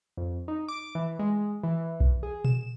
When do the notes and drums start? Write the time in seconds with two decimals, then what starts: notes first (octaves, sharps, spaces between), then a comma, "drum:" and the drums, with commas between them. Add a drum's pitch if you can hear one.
0.17 F2
0.48 D#4
0.68 D6
0.95 E3
1.19 G#3
1.63 E3
2.00 drum: kick B1
2.23 G#4
2.44 E7, drum: tom A#2